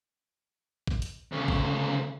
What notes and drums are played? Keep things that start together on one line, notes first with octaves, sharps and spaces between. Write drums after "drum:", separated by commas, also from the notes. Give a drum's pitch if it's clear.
drum: kick A1
drum: hi-hat
D2 C#3
drum: kick A1